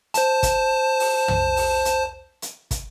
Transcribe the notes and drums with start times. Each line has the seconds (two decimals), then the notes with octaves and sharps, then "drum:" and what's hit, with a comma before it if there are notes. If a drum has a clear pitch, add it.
0.14 C5 A5, drum: hi-hat
0.43 drum: kick, hi-hat
1.00 drum: open hi-hat
1.28 drum: tom
1.57 drum: open hi-hat
1.85 drum: hi-hat
2.42 drum: hi-hat
2.71 drum: kick, hi-hat